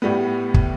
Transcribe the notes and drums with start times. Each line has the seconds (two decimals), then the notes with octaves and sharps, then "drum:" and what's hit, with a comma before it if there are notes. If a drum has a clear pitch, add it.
0.02 A2 G3 B3
0.54 drum: kick